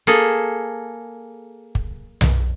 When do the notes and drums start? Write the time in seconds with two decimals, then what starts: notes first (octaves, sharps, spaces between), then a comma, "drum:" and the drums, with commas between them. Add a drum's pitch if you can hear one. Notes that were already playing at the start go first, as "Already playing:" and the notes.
0.07 A#3 G#4 A4
1.75 drum: kick
2.21 drum: tom B1